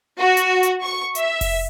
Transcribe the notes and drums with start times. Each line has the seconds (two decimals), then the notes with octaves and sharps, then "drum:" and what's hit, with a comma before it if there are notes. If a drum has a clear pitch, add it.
0.19 F#4
0.37 drum: hi-hat
0.63 drum: hi-hat
0.82 C#6
1.15 E5, drum: hi-hat
1.41 drum: kick F1, open hi-hat